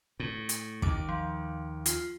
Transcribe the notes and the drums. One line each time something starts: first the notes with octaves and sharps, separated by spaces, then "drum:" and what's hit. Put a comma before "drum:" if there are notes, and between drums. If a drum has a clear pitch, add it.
A2
drum: hi-hat
D#2 D6, drum: kick
F3
F4, drum: hi-hat